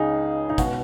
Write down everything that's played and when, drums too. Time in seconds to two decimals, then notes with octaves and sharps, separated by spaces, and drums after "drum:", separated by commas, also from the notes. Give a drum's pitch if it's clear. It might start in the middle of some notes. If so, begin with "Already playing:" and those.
Already playing: C#2 C#3 D#4 G#4
0.50 D#4
0.58 C#2 B2 F#4, drum: kick, hi-hat